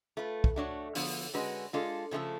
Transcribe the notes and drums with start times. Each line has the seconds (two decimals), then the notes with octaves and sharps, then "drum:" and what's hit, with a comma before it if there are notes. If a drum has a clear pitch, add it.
0.17 A3 F4 B4
0.44 drum: kick
0.56 A3 D4 F#4 C#5
0.95 D3 F3 B3, drum: open hi-hat
1.34 D3 G#3 C#4 F#4 B4
1.73 G#3 D4 F4 A4
2.11 C#3 F3 A3 F4 A4